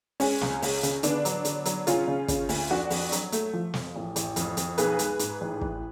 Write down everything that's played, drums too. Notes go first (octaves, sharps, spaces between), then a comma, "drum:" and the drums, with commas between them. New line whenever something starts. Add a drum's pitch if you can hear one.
G#3 C#4, drum: open hi-hat
C#2, drum: snare
C#2, drum: open hi-hat
C#3, drum: hi-hat
D3 B3 D4, drum: hi-hat
F#3, drum: hi-hat
D3, drum: hi-hat
F#3, drum: hi-hat
C#3 C#4 F4, drum: hi-hat
C#3
C#3, drum: kick, hi-hat
D2, drum: open hi-hat
F2 D4 F#4
F2, drum: open hi-hat
F#3, drum: hi-hat
A3, drum: hi-hat
F3
F2, drum: snare
A1
A1, drum: hi-hat
F2, drum: hi-hat
F2, drum: hi-hat
B1 G#4 B4, drum: hi-hat
G#3, drum: hi-hat
G#2, drum: hi-hat
A1
A1, drum: kick